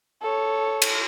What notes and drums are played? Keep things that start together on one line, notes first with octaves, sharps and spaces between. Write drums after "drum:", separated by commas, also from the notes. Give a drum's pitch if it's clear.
A4 C#5
drum: cymbal